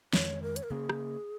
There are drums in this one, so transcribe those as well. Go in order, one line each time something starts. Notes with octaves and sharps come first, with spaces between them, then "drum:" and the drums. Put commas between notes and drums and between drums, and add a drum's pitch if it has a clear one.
F2 D#3 G#3 C#4 C#5, drum: snare
A#4
C#5, drum: hi-hat
A#4
C#3 A#3 C#4 G#4
drum: rim click